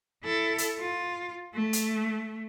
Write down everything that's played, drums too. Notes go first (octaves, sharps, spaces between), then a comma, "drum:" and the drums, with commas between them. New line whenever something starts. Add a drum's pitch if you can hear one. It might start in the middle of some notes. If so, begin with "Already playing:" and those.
E4 A4
drum: hi-hat
F4
A3
drum: hi-hat